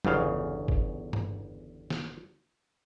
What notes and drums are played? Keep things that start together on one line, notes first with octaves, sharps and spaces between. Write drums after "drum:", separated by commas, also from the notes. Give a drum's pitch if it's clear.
G1 E2 C#3 F5, drum: tom F3
drum: kick
drum: tom G2
drum: snare